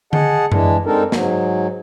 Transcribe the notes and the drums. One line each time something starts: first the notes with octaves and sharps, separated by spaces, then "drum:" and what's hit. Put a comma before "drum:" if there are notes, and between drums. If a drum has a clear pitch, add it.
G#4 D#5 F#5 A5, drum: tom D3
E3 G#3 D4, drum: tom F#2
G#3 C4 D4 D#4 A4 A#4
G#2 F#3, drum: snare